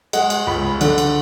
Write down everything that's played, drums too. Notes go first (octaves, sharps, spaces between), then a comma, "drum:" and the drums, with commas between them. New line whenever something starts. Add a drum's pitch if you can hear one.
G#3 F#5, drum: cymbal
drum: cymbal
C#2 B5
D3, drum: cymbal
drum: cymbal